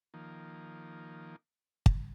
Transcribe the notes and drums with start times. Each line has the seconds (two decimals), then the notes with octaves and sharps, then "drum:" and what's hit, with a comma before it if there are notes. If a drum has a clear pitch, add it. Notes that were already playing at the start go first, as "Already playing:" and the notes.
0.14 D#3 F3 A#3
1.86 drum: kick